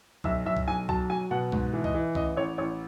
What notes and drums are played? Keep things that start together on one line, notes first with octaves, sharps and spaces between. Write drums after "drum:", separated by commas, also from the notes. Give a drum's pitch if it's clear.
B1 E5, drum: kick C2
B1 E5
drum: kick C2
B1 G#5
F#3 A5, drum: kick C2
F#3 G#5
B2 F#5
G#2, drum: kick C2
E3
D#5, drum: kick C2
E3
A1 D#5, drum: kick C2
A1 C#5
A1 C#5